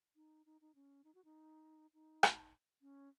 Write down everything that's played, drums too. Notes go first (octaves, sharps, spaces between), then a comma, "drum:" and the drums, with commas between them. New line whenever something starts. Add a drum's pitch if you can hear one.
D#4
D#4
D#4
C#4
D#4
F#4
D#4
D#4
drum: rim click
C#4